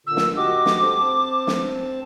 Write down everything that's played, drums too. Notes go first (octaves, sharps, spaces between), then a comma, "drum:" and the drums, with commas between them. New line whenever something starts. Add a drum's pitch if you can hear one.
A#2 D3 E6
drum: snare
F#4 G4 D#5 D6
drum: snare
G4 A4 C5
C4 A5
drum: snare